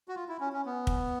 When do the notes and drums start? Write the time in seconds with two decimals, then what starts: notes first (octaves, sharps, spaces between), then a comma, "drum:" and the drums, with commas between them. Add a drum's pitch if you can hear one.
0.08 F#4
0.16 F4
0.29 E4
0.40 C#4
0.53 C#4
0.66 B3
0.87 drum: kick